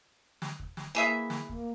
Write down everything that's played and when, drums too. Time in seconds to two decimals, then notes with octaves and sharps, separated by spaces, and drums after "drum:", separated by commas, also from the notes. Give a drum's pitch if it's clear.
0.42 drum: snare
0.59 drum: kick
0.77 drum: snare
0.95 E3 A#3 G#4 E5
1.30 drum: snare
1.49 A#3, drum: kick